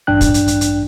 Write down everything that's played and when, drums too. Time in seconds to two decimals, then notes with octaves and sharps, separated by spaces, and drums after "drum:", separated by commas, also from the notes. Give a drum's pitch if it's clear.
0.07 A1 G2 D4 G5 F#6
0.21 drum: kick, hi-hat
0.34 drum: hi-hat
0.48 drum: hi-hat
0.61 drum: hi-hat